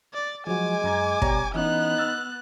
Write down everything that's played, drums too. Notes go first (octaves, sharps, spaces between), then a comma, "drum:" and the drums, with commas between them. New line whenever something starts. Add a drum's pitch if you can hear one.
D5
F3 F#3 G#3 F#4 G#5 D6
F#2 A#5 G#6
B2 G3 C#5 A#5, drum: kick
E3 B3 C#4 D#4 E4 F#6
E6 F6 A6